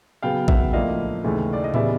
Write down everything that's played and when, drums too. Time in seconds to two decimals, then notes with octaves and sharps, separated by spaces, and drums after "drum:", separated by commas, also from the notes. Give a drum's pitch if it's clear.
0.23 C#3 F#3 B3 F5 G5
0.48 E5 F#5, drum: kick A#1
0.73 A2 F3 A#3 D4 D#5 F5
1.24 D#2 C#3 E3 A3
1.53 D5
1.64 D#5
1.74 C#3 E3 G3 B3 D4 D5 E5, drum: tom A2